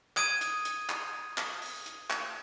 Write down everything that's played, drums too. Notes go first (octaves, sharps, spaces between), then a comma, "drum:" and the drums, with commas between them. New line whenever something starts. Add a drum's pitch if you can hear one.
D#6 G#6 D7 D#7, drum: clap
drum: hi-hat
drum: hi-hat
drum: clap
drum: clap
drum: open hi-hat
drum: hi-hat
drum: clap